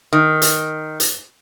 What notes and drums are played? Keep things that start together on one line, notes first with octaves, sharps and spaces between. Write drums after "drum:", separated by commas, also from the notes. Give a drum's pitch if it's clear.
D#3
drum: hi-hat
drum: hi-hat